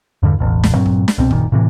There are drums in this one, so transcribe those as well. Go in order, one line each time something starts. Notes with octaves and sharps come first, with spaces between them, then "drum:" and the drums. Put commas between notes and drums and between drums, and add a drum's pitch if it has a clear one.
E2 G2 D3
E1 A1
drum: snare
G2 A#2 F#3 C4
drum: kick
drum: snare
C2 B2 C4
F#1 A#2 D#3, drum: kick
A2 C3 E3